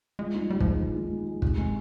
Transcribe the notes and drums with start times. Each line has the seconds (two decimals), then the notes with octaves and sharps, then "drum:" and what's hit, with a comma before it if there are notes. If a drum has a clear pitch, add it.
0.19 F3 G#3
0.35 D#4
0.40 G3
0.50 G3 G#3
0.60 F3, drum: kick
0.66 G#4
0.80 D#3 F3
0.96 D#4
1.12 G#3
1.27 G#4
1.42 C3, drum: kick
1.57 G#3